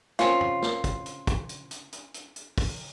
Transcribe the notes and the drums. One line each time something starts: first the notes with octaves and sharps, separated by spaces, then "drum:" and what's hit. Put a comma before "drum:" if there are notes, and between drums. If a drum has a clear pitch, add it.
C4 C#4 F4, drum: snare
drum: tom F2
drum: snare
drum: kick, hi-hat
drum: hi-hat
drum: kick, hi-hat
drum: hi-hat
drum: hi-hat
drum: hi-hat
drum: hi-hat
drum: hi-hat
drum: kick, open hi-hat